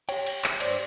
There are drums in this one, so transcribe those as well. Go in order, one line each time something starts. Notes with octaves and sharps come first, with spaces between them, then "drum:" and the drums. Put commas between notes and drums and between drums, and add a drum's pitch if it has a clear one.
G4 C#5 G5, drum: cymbal
drum: cymbal
drum: clap
G2 C5 D5, drum: cymbal